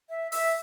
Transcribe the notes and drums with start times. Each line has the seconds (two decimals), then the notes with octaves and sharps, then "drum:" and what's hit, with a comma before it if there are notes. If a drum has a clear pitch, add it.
0.10 E5
0.32 E5, drum: open hi-hat